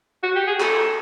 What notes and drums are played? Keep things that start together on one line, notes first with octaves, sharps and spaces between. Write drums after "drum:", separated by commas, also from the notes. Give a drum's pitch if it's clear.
F#4
G4
G#4
A4, drum: clap